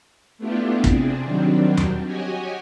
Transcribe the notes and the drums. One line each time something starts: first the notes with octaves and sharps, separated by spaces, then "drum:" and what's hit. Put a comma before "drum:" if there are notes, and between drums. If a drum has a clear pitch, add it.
A3 B3 D4 E4 F4 G4
C3 C4 D4 G#4, drum: kick
D#3 F#3 G3 C4 D4
drum: tom D#2
F#4 G4 C#5 D#5 G#5